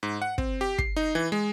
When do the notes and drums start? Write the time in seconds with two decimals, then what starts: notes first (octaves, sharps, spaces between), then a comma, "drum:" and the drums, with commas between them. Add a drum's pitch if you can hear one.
0.03 G#2
0.22 F#5
0.38 C4, drum: kick
0.61 G4
0.79 C7, drum: kick
0.96 D#4
1.15 E3
1.32 G#3